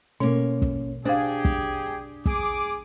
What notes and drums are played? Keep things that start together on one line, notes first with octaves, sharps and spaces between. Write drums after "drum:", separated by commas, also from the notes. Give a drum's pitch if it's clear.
B2 A#3 C#4
drum: kick
D4 G4 G#4 C5 F5
drum: kick
G#4 D6, drum: kick